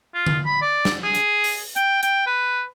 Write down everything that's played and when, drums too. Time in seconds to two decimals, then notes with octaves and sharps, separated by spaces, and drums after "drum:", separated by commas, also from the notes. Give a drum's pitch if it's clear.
0.14 F4
0.27 drum: tom D3
0.45 B5
0.62 D5
0.85 drum: snare
1.04 G#4
1.15 drum: hi-hat
1.44 drum: open hi-hat
1.76 G5, drum: hi-hat
2.03 G5, drum: hi-hat
2.26 B4